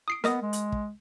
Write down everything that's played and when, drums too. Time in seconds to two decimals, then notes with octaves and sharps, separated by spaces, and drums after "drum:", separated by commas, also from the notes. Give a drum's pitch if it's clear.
0.08 D#6 C7 D7
0.24 B3 A#4 D#5 D#6, drum: snare
0.42 G#3
0.53 drum: hi-hat
0.72 drum: kick